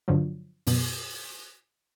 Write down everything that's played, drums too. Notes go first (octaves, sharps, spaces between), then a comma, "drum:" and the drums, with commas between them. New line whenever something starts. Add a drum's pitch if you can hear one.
G2 D3 F3 F#3
F#2 B2, drum: open hi-hat